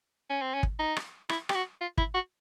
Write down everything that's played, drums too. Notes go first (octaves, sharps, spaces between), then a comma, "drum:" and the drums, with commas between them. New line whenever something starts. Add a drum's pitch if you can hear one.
C#4
C4
C#4
drum: kick
D#4
drum: rim click
E4, drum: rim click
G4, drum: rim click
F#4
F4
E4, drum: kick
F#4